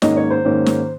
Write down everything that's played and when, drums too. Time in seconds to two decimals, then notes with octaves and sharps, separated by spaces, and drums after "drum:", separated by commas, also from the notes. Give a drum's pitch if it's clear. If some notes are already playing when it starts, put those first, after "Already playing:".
0.02 G#2 D#3 A#3 C#4 D#5, drum: snare
0.17 C#5
0.30 C5
0.45 G#2 D#3 A#3 C#4
0.66 drum: snare